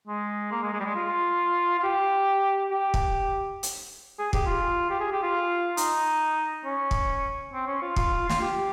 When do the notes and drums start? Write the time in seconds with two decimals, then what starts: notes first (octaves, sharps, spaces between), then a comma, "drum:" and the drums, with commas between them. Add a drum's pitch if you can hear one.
0.08 G#3
0.52 A#3
0.62 G#3
0.73 G#3
0.80 G3
0.85 G#3
0.95 F4
1.79 F4
1.83 G4
2.71 G4
2.94 drum: kick
3.63 drum: hi-hat
4.19 G#4
4.33 G4, drum: kick
4.46 F4
4.90 G4
5.00 G#4
5.12 G4
5.23 F4
5.77 D#4, drum: hi-hat
6.65 C#4
6.91 drum: kick
7.53 C4
7.67 C#4
7.82 F4
7.96 F4, drum: kick
8.29 F4, drum: snare
8.41 G4